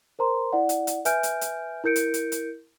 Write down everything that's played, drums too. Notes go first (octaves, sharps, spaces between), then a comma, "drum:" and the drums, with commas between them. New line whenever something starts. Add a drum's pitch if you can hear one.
A#4 C5 A#5 C6
E4 D5 F#5
drum: hi-hat
drum: hi-hat
B4 E5 G#5 F6 G6 D7, drum: hi-hat
drum: hi-hat
drum: hi-hat
E4 A#4 G6 C#7 D7
drum: hi-hat
drum: hi-hat
drum: hi-hat